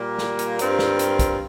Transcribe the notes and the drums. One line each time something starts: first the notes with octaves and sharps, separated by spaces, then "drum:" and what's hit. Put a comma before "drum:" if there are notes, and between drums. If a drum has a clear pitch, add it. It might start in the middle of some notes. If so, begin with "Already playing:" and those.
Already playing: A#2 G3 A#3
drum: snare
drum: hi-hat
G2 G3 C4 F4 A#4, drum: hi-hat
drum: snare
drum: hi-hat
drum: kick, hi-hat